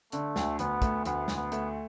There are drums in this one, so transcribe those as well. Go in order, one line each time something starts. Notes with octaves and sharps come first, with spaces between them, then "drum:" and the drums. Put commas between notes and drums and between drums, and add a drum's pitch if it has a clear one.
D3 A3, drum: hi-hat
D2, drum: snare
D2 B3, drum: hi-hat
A3, drum: kick, hi-hat
D2 B3, drum: hi-hat
D2, drum: snare
B3
A3, drum: hi-hat